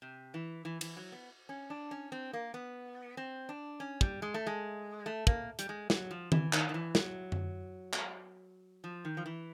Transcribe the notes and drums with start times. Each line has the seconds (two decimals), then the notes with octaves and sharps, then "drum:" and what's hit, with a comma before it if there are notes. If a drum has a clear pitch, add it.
0.02 C3
0.34 E3
0.65 E3
0.81 E3, drum: cymbal
0.97 F#3
1.12 B3
1.49 C#4
1.70 D4
1.91 C#4
2.12 C4
2.33 A#3
2.54 B3
3.17 C4
3.49 D4
3.80 C#4
4.01 G3, drum: kick
4.22 G#3
4.34 A3
4.47 G#3
5.06 A3
5.27 A#3, drum: kick
5.59 G3, drum: hi-hat
5.69 G#3
5.90 F#3, drum: snare
6.11 F3
6.32 E3, drum: tom D#3
6.53 D#3, drum: clap
6.69 D#3
6.74 E3
6.95 F#3, drum: snare
7.32 drum: tom F#2
7.93 drum: clap
8.84 F3
9.05 D#3
9.17 F3
9.26 E3